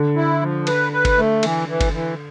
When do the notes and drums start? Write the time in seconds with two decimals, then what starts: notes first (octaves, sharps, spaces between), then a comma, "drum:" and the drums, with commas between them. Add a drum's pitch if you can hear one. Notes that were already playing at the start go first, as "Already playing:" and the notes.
Already playing: D3
0.16 E4
0.41 F3
0.67 B4, drum: cymbal
0.93 B4
1.05 drum: kick G1, cymbal
1.17 A3
1.43 E3, drum: cymbal
1.69 E3
1.81 drum: kick G1, cymbal
1.93 E3